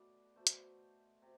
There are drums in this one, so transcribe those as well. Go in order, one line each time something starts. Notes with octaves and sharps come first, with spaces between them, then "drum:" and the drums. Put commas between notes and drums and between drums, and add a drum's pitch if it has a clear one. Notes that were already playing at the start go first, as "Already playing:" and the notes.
Already playing: B2 A3 B4 D5
B2 A3 C5
drum: hi-hat
C3